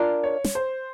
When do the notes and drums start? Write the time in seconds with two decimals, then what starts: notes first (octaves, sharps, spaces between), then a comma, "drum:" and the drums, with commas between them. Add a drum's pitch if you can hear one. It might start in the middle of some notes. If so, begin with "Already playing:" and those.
Already playing: D4 F4 A#4
0.24 C#5
0.44 drum: snare
0.55 C5